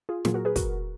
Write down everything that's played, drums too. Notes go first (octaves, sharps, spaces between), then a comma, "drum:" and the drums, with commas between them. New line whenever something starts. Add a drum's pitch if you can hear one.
F4 G#4
A#2 F#3 A#3 F4 G#4, drum: snare
F#4 A#4
G#4 B4
F#4 A#4, drum: kick, hi-hat